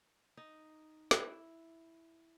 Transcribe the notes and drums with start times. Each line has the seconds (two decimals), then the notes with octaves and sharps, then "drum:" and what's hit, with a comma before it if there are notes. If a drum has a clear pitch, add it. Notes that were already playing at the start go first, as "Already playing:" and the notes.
0.37 D#4
1.11 E4, drum: snare